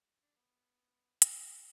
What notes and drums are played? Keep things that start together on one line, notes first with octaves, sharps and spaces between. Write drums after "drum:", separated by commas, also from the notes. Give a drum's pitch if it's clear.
D4
B3
B3, drum: hi-hat